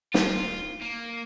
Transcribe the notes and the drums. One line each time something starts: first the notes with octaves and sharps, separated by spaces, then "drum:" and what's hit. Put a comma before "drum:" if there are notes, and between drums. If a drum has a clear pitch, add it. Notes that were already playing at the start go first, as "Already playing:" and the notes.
F4, drum: snare
A#3